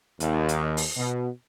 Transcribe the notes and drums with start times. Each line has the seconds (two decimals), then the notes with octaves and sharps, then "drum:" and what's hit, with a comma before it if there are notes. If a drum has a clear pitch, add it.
0.20 D#2, drum: hi-hat
0.49 drum: hi-hat
0.77 drum: open hi-hat
0.97 B2